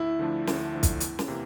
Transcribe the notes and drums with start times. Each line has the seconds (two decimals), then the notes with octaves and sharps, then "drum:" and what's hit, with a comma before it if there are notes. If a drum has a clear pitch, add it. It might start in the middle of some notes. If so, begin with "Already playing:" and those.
Already playing: D2 E4
0.19 D3 F3 A3 D4
0.47 D2, drum: snare
0.74 D3 F3 A3 D4
0.83 drum: kick, hi-hat
1.00 E2, drum: hi-hat
1.19 drum: snare
1.28 C3 E3 A#3